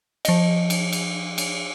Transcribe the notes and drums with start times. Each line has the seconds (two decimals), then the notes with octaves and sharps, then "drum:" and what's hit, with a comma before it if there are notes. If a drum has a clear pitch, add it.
0.25 F3 D#5, drum: cymbal
0.70 drum: cymbal
0.93 drum: cymbal
1.38 drum: cymbal